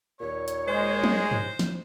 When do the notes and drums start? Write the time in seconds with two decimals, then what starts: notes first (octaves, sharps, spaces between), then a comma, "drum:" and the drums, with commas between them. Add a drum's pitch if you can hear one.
0.20 D#2 A#2 C#5
0.48 drum: hi-hat
0.68 G#3 C5
1.04 drum: tom
1.32 drum: tom G2
1.59 drum: snare